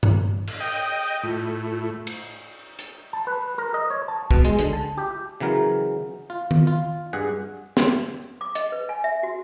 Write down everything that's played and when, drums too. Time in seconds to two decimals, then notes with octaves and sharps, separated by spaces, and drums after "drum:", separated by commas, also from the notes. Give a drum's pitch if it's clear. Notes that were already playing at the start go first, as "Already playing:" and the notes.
0.03 drum: tom G2
0.47 drum: cymbal
0.60 D#5 G5
1.23 A2 F4
2.07 drum: cymbal
2.79 drum: hi-hat
3.13 A5
3.27 B4
3.58 A#4
3.74 D#5
3.90 C#5
4.08 A5
4.31 B2, drum: kick
4.45 G#3, drum: hi-hat
4.59 D3, drum: hi-hat
4.73 A5
4.97 G4
5.40 C#3 E3 F#3 A#4
6.30 F4
6.51 drum: tom D#3
6.67 F4
7.13 G2 G#4 F#5
7.77 drum: snare
8.41 D6
8.55 D#5, drum: hi-hat
8.72 B4
8.89 G#5
9.04 E5
9.23 F#4